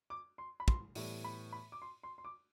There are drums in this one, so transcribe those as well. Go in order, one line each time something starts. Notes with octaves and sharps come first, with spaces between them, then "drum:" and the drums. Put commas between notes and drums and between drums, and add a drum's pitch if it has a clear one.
D6
C6
B5
C6, drum: kick
A2 E3 G3 B3 E5, drum: open hi-hat
B5
B5
D6
C6
C6
C6
D6